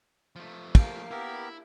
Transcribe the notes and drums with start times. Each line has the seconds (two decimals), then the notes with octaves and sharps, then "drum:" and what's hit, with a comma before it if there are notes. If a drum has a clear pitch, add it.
0.36 F3 A3
0.75 A#3 F5, drum: kick, cymbal
1.11 B3 E4 G4 A#4